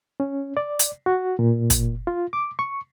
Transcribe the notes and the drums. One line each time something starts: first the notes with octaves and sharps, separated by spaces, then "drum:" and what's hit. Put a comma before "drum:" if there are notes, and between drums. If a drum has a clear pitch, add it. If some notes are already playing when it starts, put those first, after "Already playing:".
C#4
D5
drum: hi-hat
F#4
A#2
drum: kick, hi-hat
F4
D6
C#6